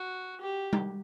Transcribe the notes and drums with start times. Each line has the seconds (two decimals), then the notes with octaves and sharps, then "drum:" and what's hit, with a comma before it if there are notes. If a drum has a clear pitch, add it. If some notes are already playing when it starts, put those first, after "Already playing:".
Already playing: F#4
0.41 G4
0.73 drum: tom G3